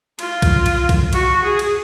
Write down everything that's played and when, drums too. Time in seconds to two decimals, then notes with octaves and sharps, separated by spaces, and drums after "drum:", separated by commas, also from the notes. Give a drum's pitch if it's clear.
0.19 F4, drum: cymbal
0.42 drum: kick, cymbal
0.66 drum: cymbal
0.89 drum: kick, cymbal
1.13 F#4, drum: cymbal
1.43 G#4
1.59 drum: cymbal